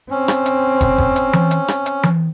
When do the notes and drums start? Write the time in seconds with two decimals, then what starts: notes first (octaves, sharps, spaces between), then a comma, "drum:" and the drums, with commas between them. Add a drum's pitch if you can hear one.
0.11 C4 C#4
0.28 drum: rim click
0.46 drum: hi-hat
0.81 drum: kick, hi-hat
0.98 drum: kick
1.16 drum: hi-hat
1.33 drum: tom E3
1.51 drum: hi-hat
1.68 drum: rim click
1.86 drum: hi-hat
2.03 drum: tom E3